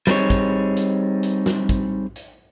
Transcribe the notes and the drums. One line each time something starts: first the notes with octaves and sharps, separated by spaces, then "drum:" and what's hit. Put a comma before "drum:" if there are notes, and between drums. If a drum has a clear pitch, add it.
G3 C4 D#4 G4 G#4 C#5, drum: snare
drum: kick, hi-hat
drum: hi-hat
drum: hi-hat
drum: snare
drum: kick, hi-hat
drum: hi-hat